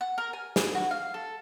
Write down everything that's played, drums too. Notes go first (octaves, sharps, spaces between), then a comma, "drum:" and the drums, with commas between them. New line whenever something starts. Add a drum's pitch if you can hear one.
F#5
A#4
G#5
G#4, drum: snare
F#4
F5
A4